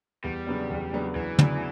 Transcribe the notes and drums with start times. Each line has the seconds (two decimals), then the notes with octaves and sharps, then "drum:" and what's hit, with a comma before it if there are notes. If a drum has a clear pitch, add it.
0.24 E2 G3
0.46 C#3 F#3 B3 D4
0.70 E2
0.93 C#3 F#3 B3 D4
1.16 E2 E3
1.39 C#3 F#3 B3 D4, drum: tom